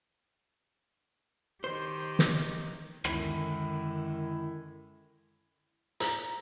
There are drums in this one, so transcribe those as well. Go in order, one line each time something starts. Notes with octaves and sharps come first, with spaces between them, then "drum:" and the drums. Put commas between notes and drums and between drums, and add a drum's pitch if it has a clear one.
D#3 G4 C5
drum: snare
F#2 D3 D#3 G#3 E4, drum: rim click
A#5, drum: hi-hat